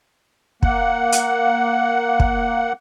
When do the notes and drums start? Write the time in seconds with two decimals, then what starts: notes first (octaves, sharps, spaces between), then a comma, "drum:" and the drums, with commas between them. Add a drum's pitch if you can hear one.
0.63 A#3 F#5, drum: kick
1.12 drum: hi-hat
2.20 drum: kick